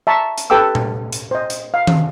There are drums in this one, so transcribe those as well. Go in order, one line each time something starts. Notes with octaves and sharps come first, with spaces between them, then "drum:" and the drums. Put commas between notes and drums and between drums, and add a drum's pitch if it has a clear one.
E5 A5 A#5 C#6
drum: hi-hat
G4 A4 B4 G5 D6 E6
drum: tom A#2
drum: hi-hat
C5 D#5
drum: hi-hat
F5
drum: tom D#3